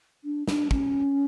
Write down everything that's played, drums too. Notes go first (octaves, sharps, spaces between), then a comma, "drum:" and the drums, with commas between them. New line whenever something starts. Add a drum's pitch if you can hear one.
D4
D4, drum: snare
C#4, drum: kick